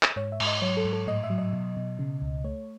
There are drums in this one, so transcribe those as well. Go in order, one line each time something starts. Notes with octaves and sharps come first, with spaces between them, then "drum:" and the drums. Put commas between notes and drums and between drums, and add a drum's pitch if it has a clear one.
drum: clap
G#2 C#5
E5
G#2, drum: cymbal
D#5
F#3 C#5
A4
G#2
A4
A2 D#5
E5
F#3
D#5
B2
B2
C#3
C#2
A3 C#5